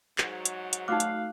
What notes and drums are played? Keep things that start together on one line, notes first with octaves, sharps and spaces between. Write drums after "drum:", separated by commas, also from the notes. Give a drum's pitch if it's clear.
G#2 F#3, drum: clap
drum: hi-hat
drum: hi-hat
A3 D#4 F#4 F5 D6 F6 F#6
drum: hi-hat